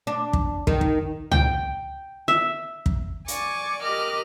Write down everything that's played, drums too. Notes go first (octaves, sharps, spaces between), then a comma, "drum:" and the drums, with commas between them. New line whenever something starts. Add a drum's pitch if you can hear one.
D4
drum: kick
D#3, drum: kick
drum: kick
G5, drum: tom C#2
E5
drum: kick
D5 G#5 C#6 D6 A6, drum: hi-hat
G4 A#4 D#5 D6 F6 F#6